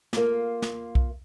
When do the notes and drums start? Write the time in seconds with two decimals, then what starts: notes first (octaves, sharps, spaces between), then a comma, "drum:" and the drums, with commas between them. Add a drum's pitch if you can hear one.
0.13 A#3 F4, drum: snare
0.62 drum: snare
0.95 drum: kick B1